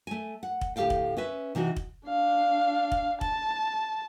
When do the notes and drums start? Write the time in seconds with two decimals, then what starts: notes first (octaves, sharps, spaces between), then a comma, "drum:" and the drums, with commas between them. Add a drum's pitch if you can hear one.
0.07 A3 G#5
0.43 F#5
0.61 drum: kick
0.76 D2 A2 G4 A4 F5 G5
0.90 drum: kick
1.17 C#4 B4 E5
1.55 C3 E3 D#4 F#4
1.76 drum: kick
2.08 D4 F5
2.92 drum: kick
3.21 A5, drum: kick